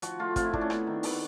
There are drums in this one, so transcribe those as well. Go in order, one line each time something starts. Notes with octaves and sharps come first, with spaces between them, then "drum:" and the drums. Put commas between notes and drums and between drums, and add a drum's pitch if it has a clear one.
F3 F#4, drum: hi-hat
A3 F4
C4 F4, drum: kick, hi-hat
E4
A3 D4, drum: kick
C#4
B3 D4, drum: rim click
D#3
B3, drum: open hi-hat